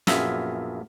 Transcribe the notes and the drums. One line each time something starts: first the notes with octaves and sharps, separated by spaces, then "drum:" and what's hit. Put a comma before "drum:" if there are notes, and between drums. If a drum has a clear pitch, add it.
A#1 F#2 B3 F4 G#4 E5, drum: snare